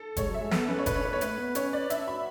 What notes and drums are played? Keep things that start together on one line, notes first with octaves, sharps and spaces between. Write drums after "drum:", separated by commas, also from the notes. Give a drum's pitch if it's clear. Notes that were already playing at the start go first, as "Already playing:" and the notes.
Already playing: A4
G#3 C#5, drum: kick F#1, hi-hat
F#3
E5
G#3
B3 A4, drum: snare
C#4 B4
C#5
D4 B4, drum: kick F#1, hi-hat
C#4 C#5
D4 B4
B3 C#5
A3 B4, drum: hi-hat
B3
C#4 C#5, drum: hi-hat
D5
D4 E5, drum: hi-hat
F#4 B5